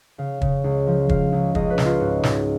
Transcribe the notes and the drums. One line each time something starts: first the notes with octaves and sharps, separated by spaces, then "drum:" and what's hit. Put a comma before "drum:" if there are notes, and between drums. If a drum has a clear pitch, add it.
C#3 F5
C#3, drum: kick
C#2
F3
F3 F5, drum: kick
C#2
C#2 D#5, drum: kick
B4
C#2, drum: snare
F4
G#2 F#4
G#2, drum: snare